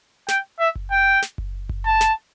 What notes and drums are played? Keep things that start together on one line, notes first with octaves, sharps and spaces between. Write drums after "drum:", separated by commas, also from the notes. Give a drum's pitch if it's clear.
G5, drum: snare
E5
drum: kick F#1
G5
drum: snare
drum: kick F#1
drum: kick F#1
A5
drum: snare